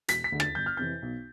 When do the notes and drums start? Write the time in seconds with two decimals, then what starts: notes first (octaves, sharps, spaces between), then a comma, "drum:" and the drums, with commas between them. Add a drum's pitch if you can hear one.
0.08 E1 B6, drum: hi-hat
0.24 B6
0.32 D2 D3
0.40 A6, drum: rim click
0.55 G1 G6
0.66 F6
0.77 F2 C3 E3 G6
1.02 B1